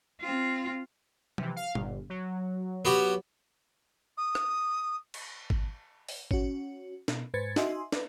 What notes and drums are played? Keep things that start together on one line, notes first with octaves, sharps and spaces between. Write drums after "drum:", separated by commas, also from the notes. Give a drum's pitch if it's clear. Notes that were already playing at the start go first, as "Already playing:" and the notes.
C4 F4
C3 E3, drum: tom F3
F5
G1, drum: tom A#2
F#3
B3 F#4 G4
D#6
drum: rim click
drum: cymbal
drum: kick G#1
drum: open hi-hat
C#4 F#4, drum: kick G#1
B2, drum: snare
G#2 B4 C5 G#6 A6 C#7
D#4 F#4 D#5 E5 G#5 C6, drum: snare
B4 D5, drum: snare